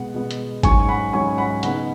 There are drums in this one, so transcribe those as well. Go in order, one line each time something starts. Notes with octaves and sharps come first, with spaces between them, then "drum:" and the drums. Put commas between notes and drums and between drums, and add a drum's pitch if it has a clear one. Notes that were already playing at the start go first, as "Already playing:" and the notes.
Already playing: B2 G#3 B3 F#5
B2 G#3 B3
drum: hi-hat
G#2 F#3 C#4 G#5 C#6, drum: kick G1, hi-hat
F#5 B5
G#2 F#3 C#4 G#5 C#6
F#5 B5
C#3 B3 D#4 F#5 B5, drum: hi-hat